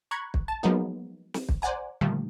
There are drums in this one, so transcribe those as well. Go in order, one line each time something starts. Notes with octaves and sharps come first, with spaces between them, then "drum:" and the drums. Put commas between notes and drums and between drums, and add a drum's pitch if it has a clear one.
A#5 B5 C#6 F#6 G#6
drum: kick
A5
F3 F#3 G#3 A#3 B3 D#4
drum: snare
drum: kick
C5 D5 F#5 G#5 A#5
A#2 D3 D#3 F3 G3 A3